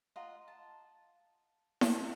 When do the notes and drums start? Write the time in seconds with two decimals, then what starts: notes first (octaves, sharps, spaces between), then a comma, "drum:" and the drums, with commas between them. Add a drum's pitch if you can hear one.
0.16 F4 D#5 F#5 A#5
0.48 A5
1.81 drum: snare E4